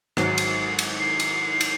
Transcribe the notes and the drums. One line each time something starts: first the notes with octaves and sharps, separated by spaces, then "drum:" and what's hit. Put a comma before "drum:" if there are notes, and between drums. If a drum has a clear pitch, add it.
G#1 G#2 F#3 C7, drum: rim click
drum: cymbal
drum: cymbal
C7
drum: cymbal
drum: cymbal